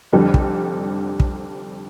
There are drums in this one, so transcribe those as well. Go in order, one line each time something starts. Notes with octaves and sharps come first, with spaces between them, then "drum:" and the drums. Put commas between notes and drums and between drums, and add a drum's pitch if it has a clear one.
F1 F2 D3 G3
drum: kick
drum: kick